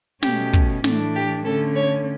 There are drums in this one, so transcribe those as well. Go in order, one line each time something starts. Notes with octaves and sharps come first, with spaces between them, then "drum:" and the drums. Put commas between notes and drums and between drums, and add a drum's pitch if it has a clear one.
B2 A3 C#4 G4, drum: snare
drum: kick
A2 E3 A3 D4, drum: snare
G4
D3 A3 C#4 A4
C#5